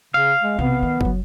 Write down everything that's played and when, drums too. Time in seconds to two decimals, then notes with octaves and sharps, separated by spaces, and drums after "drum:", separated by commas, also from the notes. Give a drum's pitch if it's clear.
0.14 C#3 F5
0.42 G#3
0.59 B1 C3 B3
0.83 D#3
1.01 F3 F#3, drum: kick